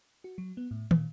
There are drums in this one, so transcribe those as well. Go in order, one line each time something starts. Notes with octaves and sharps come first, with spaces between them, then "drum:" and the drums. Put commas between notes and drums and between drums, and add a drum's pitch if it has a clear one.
F#4
F#3
B3
A2
A#2, drum: tom